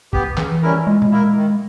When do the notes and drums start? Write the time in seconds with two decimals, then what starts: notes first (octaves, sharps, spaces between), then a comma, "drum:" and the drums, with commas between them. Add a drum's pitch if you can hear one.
0.13 B3 G4, drum: kick
0.37 C#3 E3, drum: clap
0.62 G3 C#4 E4 A#4
0.87 A#2 G#3
1.02 drum: tom A#2
1.11 A#3 E4 A#4
1.36 D#3